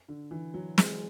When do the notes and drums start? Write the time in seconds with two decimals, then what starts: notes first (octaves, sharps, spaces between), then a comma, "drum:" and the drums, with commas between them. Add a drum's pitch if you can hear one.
0.08 D3
0.31 E3
0.54 F#3
0.78 G#3, drum: snare